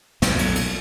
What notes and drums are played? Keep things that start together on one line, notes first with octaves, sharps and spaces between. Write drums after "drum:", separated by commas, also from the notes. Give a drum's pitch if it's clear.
B1 F2 A#2, drum: snare
drum: cymbal
drum: cymbal